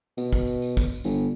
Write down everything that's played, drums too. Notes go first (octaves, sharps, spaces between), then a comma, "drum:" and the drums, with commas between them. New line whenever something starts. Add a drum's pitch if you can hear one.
B2, drum: tambourine
drum: kick, tambourine
drum: tambourine
drum: tambourine
drum: kick, tambourine
drum: tambourine
G1, drum: tambourine